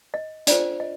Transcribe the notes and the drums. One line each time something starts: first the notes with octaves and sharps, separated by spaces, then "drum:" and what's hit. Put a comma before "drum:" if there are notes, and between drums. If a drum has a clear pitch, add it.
D#5
D4 F4 C5 D5, drum: hi-hat
D#5